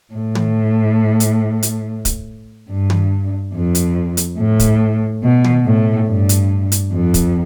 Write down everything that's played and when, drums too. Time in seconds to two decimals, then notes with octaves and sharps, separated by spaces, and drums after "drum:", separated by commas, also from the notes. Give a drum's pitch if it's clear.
0.14 A2
0.35 drum: tom
1.20 drum: hi-hat
1.63 drum: hi-hat
2.05 drum: kick, hi-hat
2.69 G2
2.90 drum: tom
3.54 F2
3.75 drum: hi-hat
4.17 drum: hi-hat
4.38 A2
4.59 drum: kick, hi-hat
5.23 B2
5.44 drum: tom
5.66 A2
6.08 G2
6.29 drum: hi-hat
6.72 drum: hi-hat
6.92 F2
7.14 drum: kick, hi-hat